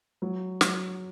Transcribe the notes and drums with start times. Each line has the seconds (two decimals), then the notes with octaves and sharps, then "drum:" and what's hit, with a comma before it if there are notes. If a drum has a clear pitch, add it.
0.22 F#3
0.61 F#3, drum: snare